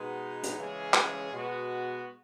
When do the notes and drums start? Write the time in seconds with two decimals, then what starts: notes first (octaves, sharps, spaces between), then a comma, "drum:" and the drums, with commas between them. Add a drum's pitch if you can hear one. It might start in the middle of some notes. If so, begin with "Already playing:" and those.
Already playing: B2 G#3 B3 D#4
0.43 drum: hi-hat
0.57 C#3 E3 G#3 C#4 G#4
0.94 drum: clap
1.32 B2 G#3 B3 F#4